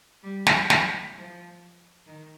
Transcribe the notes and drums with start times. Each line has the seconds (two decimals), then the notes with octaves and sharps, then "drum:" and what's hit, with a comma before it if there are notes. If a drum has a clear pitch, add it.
0.23 G3
0.47 drum: snare
0.70 F#3, drum: snare
1.15 F3
2.07 D#3